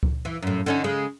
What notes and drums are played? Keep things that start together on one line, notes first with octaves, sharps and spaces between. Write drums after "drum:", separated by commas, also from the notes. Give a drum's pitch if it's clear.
drum: kick C#2
E3
F#2 A2
D3 C#4 D#4
C#3 G#3